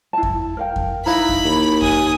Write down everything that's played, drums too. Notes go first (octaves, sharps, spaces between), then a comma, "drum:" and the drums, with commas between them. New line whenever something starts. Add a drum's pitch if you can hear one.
E4 A5
drum: kick F2
A#4 F5 G5
drum: kick F2
D#4 E4 B4 D#5 F5 A#5 B5
drum: kick F2
D#2
G#5 D#6, drum: kick F2